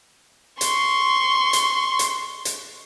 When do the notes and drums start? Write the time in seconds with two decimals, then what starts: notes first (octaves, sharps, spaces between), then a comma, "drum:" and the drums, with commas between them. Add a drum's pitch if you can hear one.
0.61 C6 C#6, drum: hi-hat
1.53 drum: hi-hat
1.99 drum: hi-hat
2.45 drum: hi-hat